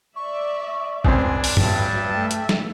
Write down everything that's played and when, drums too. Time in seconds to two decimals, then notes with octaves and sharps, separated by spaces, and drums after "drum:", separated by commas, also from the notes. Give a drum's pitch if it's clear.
0.16 D5 E5 C#6
1.04 C#2 C4 D4 G#5, drum: kick A1
1.44 drum: open hi-hat
1.57 G2 F#3 B4 E5 G5 A5, drum: tom
2.11 A3 E5
2.31 drum: hi-hat
2.49 drum: snare